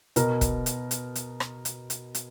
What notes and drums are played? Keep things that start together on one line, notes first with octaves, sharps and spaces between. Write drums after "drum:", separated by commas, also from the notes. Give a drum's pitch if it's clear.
B2 A#4, drum: hi-hat
drum: kick, hi-hat
drum: hi-hat
drum: hi-hat
drum: hi-hat
drum: rim click
drum: hi-hat
drum: hi-hat
drum: hi-hat